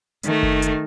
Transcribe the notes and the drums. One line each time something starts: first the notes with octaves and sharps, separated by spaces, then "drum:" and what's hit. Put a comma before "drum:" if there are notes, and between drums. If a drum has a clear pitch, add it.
D#3 A3, drum: hi-hat
drum: kick F#1
drum: hi-hat